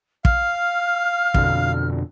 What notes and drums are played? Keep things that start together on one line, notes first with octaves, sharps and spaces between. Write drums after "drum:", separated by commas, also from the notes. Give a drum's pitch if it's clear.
F5 F6, drum: kick
F2 B2 D3, drum: kick